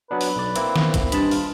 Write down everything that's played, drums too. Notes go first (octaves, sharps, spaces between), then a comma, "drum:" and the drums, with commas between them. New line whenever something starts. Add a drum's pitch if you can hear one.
F#3 B3 D4 B4
drum: open hi-hat
B1 D5
A#3 C4 E4, drum: hi-hat
drum: snare
drum: kick, hi-hat
G2 G#3 A5 B5, drum: hi-hat
F4, drum: open hi-hat